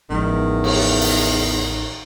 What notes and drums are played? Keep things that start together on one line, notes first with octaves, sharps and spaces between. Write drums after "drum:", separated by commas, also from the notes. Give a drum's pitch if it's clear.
A1 E2 D#3 F3 G#3
drum: cymbal
drum: open hi-hat